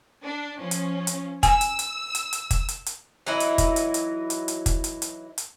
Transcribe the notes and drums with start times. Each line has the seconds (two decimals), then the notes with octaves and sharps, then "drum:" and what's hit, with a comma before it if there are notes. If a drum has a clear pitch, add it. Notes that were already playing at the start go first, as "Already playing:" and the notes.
0.23 D4
0.58 F3 C#4
0.71 drum: hi-hat
1.07 drum: hi-hat
1.43 G#5 E6, drum: kick, hi-hat
1.61 drum: hi-hat
1.79 drum: hi-hat
2.15 drum: hi-hat
2.33 drum: hi-hat
2.51 drum: kick, hi-hat
2.68 drum: hi-hat
2.86 drum: hi-hat
3.26 E3 F#3 D#4 E4
3.40 drum: hi-hat
3.58 drum: kick, hi-hat
3.76 drum: hi-hat
3.94 drum: hi-hat
4.30 drum: hi-hat
4.48 drum: hi-hat
4.66 drum: kick, hi-hat
4.84 drum: hi-hat
5.02 drum: hi-hat
5.38 drum: hi-hat